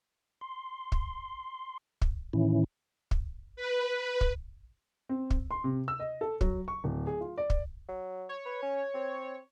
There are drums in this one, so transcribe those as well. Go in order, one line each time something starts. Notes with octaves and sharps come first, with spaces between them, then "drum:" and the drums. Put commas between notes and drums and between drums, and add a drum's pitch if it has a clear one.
C6
drum: kick
drum: kick
A2 D#3 E3 C#4 E4
drum: kick
B4
B4
drum: kick
C4
drum: kick
C6
C3
E6
D#5
A4
F#3, drum: kick
C#6
D1
G#4
F4
D5
drum: kick
F#3
C#5
B4
C#4
C4